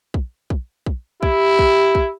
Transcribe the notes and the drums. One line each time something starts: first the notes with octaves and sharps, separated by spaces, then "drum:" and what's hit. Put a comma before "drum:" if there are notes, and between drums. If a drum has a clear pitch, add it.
drum: kick
drum: kick
drum: kick
E4 G4, drum: kick
drum: kick
drum: kick